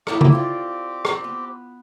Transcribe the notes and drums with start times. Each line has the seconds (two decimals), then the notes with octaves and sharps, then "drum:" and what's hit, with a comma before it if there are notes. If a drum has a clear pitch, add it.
0.07 A#3 E4 G4 A4 A5 D#6, drum: rim click
0.21 drum: tom
0.32 C4 F4 G4 C#5 D5
1.05 drum: rim click
1.24 B3